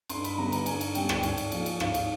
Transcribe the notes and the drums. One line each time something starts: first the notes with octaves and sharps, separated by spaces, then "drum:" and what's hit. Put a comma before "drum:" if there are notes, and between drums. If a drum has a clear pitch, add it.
G2 C6, drum: cymbal
B5, drum: cymbal
D3 G3 B3 A#5
B5
A#5, drum: cymbal
G2 G#5, drum: cymbal
drum: cymbal
D3 G3 B3 G5, drum: cymbal
drum: rim click
G5
G#2 G#5, drum: cymbal
drum: cymbal
F3 A#3, drum: cymbal
drum: cymbal
G#2 F5, drum: rim click
drum: cymbal